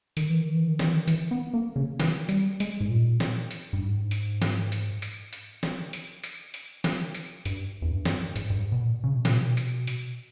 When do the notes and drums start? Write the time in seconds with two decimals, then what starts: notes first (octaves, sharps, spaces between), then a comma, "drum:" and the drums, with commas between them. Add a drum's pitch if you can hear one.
0.17 D#3, drum: hi-hat
0.30 E3
0.42 D#3
0.54 E3
0.68 D#3
0.79 E3, drum: snare
0.93 D#3
1.08 E3, drum: hi-hat
1.31 B3
1.54 A#3
1.76 C#3
2.00 E3, drum: snare
2.29 G3, drum: hi-hat
2.60 G#3, drum: hi-hat
2.80 G#2
2.90 A#2
3.20 drum: snare
3.51 drum: hi-hat
3.73 G2
3.81 G#2
4.11 drum: hi-hat
4.42 drum: snare
4.72 drum: hi-hat
5.02 drum: hi-hat
5.33 drum: hi-hat
5.63 drum: snare
5.93 drum: hi-hat
6.24 drum: hi-hat
6.54 drum: hi-hat
6.84 drum: snare
7.15 drum: hi-hat
7.45 G2, drum: hi-hat
7.82 E2
7.91 G2
8.05 drum: snare
8.36 G#2, drum: hi-hat
8.50 G2
8.58 G#2
8.72 B2
8.81 A#2
9.04 C#3
9.15 B2
9.25 A#2, drum: snare
9.35 B2
9.57 drum: hi-hat
9.87 drum: hi-hat